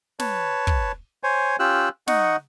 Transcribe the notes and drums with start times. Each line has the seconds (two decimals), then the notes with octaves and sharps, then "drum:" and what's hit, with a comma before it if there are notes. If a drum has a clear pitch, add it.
0.19 B4 C#5 A5, drum: snare
0.67 drum: kick
1.23 C5 C#5 G#5
1.59 C#4 F4 G4 E6 F#6
2.07 D#4 D#5 F#5 C#6, drum: snare